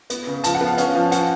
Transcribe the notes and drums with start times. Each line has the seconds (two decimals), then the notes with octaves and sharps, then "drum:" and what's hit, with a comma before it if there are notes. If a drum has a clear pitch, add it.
0.10 B3, drum: hi-hat
0.27 C#3
0.44 F3 A5, drum: hi-hat
0.55 F#5
0.61 B3
0.67 F5
0.78 C#4 F5, drum: hi-hat
0.95 F3
1.12 C#4 F#5, drum: hi-hat